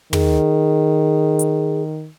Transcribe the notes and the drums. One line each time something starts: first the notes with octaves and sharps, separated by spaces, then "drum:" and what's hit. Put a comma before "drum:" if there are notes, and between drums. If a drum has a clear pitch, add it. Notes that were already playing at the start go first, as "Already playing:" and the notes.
D#3 G#4, drum: tom
drum: hi-hat